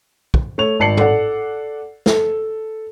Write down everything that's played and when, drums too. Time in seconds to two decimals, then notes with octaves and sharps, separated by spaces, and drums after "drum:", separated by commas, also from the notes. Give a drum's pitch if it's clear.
0.34 drum: kick
0.58 A3 C#5 F7
0.80 G#1 D5 A5 C7 C#7 F#7
0.97 A4 D5 F#5, drum: tom A2
2.06 A4, drum: snare